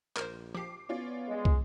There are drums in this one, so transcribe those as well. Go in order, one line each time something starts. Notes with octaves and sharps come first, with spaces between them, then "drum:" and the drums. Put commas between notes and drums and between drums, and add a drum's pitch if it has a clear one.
A#1 A#4 C5, drum: clap
F3 G4 D6 C7
B3 C#4 F4 D5
G#3
drum: kick